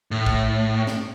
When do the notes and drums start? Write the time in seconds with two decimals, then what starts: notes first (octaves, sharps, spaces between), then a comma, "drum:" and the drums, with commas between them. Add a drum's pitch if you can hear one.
0.11 A2
0.26 drum: kick
0.87 drum: snare